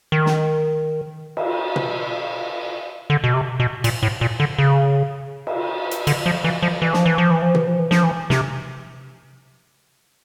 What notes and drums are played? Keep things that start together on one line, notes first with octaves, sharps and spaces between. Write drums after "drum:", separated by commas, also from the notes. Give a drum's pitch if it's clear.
D#3
drum: snare
drum: cymbal
drum: tom B2
D3
B2
C3
B2
A#2, drum: cymbal
A2
A#2
D3
C#3
drum: cymbal
drum: hi-hat
D3, drum: cymbal
F3
E3
F3
E3
F3, drum: snare
E3
F3
E3
F3
E3, drum: tom B2
F3
E3
F3, drum: snare
E3
C3, drum: snare